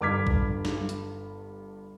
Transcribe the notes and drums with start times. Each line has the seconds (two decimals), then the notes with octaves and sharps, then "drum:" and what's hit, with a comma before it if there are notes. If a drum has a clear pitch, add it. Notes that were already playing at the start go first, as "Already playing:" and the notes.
0.01 G1 G2 D6 F6 G#6 B6
0.27 drum: kick A#1
0.65 drum: snare
0.89 drum: hi-hat